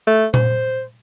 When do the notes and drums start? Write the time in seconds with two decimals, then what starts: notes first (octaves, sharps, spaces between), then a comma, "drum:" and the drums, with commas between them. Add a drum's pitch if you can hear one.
0.07 A3
0.34 C5, drum: tom A#2